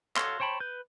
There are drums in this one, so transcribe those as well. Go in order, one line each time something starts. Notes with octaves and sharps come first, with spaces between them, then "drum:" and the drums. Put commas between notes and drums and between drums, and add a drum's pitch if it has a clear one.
F#4 A4 C#5 F5 C6, drum: clap
C5 C#5 G5 A5 B5
B4 G6